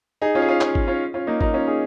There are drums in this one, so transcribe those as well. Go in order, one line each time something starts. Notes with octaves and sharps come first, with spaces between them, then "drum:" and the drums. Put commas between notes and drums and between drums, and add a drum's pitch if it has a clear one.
D#4 G#4
C#4 F4
G#4
C#4 F4
C#4 F4, drum: clap
drum: kick G#1
C#4 F4
C#4 F4
A#3 D#4
A#3 D#4, drum: kick G#1
C#4 F4
D#4 G#4